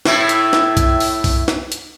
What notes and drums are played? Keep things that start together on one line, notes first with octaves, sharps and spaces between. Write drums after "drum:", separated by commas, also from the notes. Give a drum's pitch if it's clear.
A2 A3 E4, drum: snare
drum: hi-hat
drum: snare
drum: kick, hi-hat
drum: open hi-hat
drum: kick, open hi-hat
drum: snare
drum: hi-hat